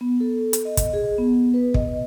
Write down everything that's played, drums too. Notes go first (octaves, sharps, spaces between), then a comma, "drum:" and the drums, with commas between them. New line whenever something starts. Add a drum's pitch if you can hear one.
B3
A4
drum: hi-hat
D#5
drum: kick, hi-hat
G#4
B3
B4
D#5, drum: kick